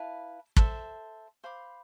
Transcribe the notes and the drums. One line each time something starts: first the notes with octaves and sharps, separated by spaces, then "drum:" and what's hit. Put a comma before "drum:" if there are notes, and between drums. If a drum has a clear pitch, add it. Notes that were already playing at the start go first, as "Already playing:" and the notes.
Already playing: E4 B4 F5 A5
A4 C5 E5, drum: kick
C5 F5 B5 D6